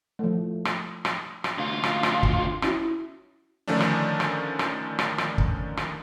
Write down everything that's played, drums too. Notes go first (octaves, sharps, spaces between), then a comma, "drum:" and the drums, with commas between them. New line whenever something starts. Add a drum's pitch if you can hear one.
F3 A3
drum: rim click
drum: rim click
drum: rim click
D2 F4
drum: rim click
drum: rim click
drum: kick
C#4 E4 F#4, drum: rim click
D3 D#3 F3 A3 C#4 D4
drum: rim click
drum: rim click
drum: rim click
drum: rim click
drum: rim click
drum: kick
drum: rim click